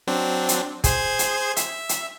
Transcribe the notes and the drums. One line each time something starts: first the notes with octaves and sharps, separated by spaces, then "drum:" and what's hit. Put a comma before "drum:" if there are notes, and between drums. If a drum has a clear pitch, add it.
F#3 C4 D4
drum: hi-hat
G#4 C5 G#6, drum: kick, hi-hat
drum: hi-hat
E5, drum: hi-hat
drum: hi-hat